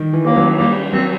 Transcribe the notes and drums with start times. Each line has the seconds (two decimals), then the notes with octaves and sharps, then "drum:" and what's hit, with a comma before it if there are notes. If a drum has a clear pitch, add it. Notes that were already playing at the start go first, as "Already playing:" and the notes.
Already playing: D#3 G3
0.13 E3
0.25 A#3, drum: cymbal
0.36 F#3
0.58 G3 A#3
0.92 F#3 C4